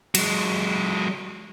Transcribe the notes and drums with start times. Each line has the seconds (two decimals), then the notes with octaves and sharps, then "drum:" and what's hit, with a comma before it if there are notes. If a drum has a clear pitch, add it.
0.15 F#3 G#3, drum: cymbal